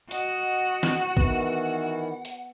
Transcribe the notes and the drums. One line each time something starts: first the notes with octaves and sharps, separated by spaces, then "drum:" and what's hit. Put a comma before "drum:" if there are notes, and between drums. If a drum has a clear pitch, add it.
F#4 D#5 F#5, drum: hi-hat
drum: snare
D#3 E3 B3, drum: kick G#1
drum: hi-hat